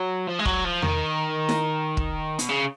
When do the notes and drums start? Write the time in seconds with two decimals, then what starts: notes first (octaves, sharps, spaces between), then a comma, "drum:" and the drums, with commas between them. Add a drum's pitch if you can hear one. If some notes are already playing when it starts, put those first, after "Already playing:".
Already playing: F#3
0.27 F3
0.39 G#3
0.45 F#3, drum: kick
0.64 F3
0.82 D#3, drum: tom E2
1.49 drum: snare E4
1.97 drum: kick
2.39 B2, drum: hi-hat
2.49 C#3